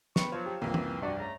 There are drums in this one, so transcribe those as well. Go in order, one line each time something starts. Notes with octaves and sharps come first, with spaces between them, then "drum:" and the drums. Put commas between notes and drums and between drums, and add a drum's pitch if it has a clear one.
B3 G5 B5 C#6, drum: snare
F3 F#3 F4 C5 C#5
G4
C2 F2 E3 A#3 C4
drum: tom
G2 F#4 D5
C#3 A3 A#5